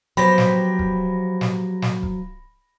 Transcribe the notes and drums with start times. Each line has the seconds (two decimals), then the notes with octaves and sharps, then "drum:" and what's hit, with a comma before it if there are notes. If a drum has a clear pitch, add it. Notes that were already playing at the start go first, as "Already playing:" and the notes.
0.17 F3 F#3 B3 G4 C5 B5 A#6
0.38 drum: snare
0.79 drum: kick
1.41 drum: snare
1.82 drum: snare
2.03 drum: kick